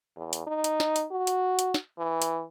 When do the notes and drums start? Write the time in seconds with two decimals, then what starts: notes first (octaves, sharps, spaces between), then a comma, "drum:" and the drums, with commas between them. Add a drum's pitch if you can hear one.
0.16 E2
0.33 drum: hi-hat
0.47 D#4
0.64 drum: hi-hat
0.80 drum: snare
0.96 drum: hi-hat
1.11 F#4
1.27 drum: hi-hat
1.59 drum: hi-hat
1.74 drum: snare
1.98 E3
2.22 drum: hi-hat